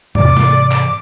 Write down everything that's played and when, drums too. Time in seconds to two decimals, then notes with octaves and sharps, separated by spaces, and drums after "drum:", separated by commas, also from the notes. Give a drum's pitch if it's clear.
0.15 G#2 C3 E3 D5 D6, drum: tom E2
0.37 drum: snare
0.71 drum: clap